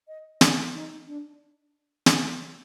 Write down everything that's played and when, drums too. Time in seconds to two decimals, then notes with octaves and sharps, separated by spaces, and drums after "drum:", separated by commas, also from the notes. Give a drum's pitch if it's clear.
0.08 D#5
0.41 D5, drum: snare
0.74 D#4
1.07 D4
2.06 drum: snare